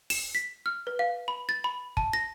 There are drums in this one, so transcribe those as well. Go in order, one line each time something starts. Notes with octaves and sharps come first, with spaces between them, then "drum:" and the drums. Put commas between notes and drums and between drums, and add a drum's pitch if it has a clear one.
E7, drum: open hi-hat
B6
F6
B4
F5
B5
A6
B5
A5, drum: kick
A#6